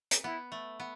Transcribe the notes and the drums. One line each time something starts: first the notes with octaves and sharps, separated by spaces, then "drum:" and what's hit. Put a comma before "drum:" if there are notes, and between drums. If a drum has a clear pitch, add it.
drum: hi-hat
B3 E4
A3
B3